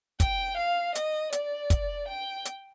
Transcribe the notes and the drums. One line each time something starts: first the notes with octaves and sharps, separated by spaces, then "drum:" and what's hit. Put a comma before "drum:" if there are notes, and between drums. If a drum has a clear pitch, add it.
G5, drum: kick, hi-hat
F5
D#5, drum: hi-hat
D5, drum: hi-hat
drum: kick, hi-hat
G5
drum: hi-hat